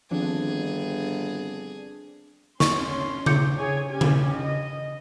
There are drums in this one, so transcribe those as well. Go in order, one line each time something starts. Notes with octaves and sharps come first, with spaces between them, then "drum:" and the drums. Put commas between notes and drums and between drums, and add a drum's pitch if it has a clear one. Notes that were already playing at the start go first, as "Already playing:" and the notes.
G1 D#3 F3 C4 D4 F4 G#4
C#4 C6 C#6, drum: snare
D6 G6 C#7, drum: tom C#3
G#4 C#5 G#5
C#4 G4 G#5
drum: tom C#3
D#5